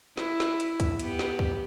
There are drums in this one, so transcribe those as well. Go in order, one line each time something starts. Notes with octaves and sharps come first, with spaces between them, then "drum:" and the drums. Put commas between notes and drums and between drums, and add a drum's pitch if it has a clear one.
E4, drum: snare
drum: snare
drum: hi-hat
drum: kick, hi-hat
B3 G4, drum: hi-hat
drum: snare
drum: kick